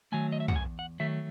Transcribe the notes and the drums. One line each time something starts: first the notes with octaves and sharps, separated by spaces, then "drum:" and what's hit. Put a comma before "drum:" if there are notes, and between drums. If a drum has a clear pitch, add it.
D#3 F#3 A3 G#5
D#5
E5
F#5, drum: tom
E2 G#5
F#5
D#3 F#3 A3 E5